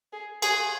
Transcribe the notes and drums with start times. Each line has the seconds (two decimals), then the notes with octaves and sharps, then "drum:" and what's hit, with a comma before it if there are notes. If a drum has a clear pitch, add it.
0.13 G#4
0.42 G#4, drum: cymbal